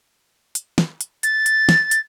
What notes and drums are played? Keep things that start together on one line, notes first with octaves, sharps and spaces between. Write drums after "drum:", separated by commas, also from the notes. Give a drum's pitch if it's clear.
drum: hi-hat
drum: snare
drum: hi-hat
A6, drum: hi-hat
drum: hi-hat
drum: snare
drum: hi-hat